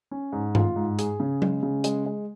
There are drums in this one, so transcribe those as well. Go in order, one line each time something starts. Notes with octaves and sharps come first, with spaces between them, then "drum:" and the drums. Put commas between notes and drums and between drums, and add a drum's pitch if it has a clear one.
C#4
G#2
F4, drum: tom G2
G#2
G#4, drum: hi-hat
C#3
G#3, drum: tom F#3
C#3
G#3, drum: hi-hat
G#3